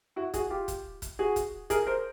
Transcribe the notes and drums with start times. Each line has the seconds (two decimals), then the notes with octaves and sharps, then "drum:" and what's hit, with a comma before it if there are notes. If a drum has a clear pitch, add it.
0.16 E4 F#4
0.34 F#4 G#4, drum: kick, hi-hat
0.50 F4 G4
0.68 drum: kick, hi-hat
1.02 drum: kick, hi-hat
1.19 F#4 G#4
1.36 drum: kick, hi-hat
1.70 G#4 A#4, drum: kick, hi-hat
1.87 A#4 C5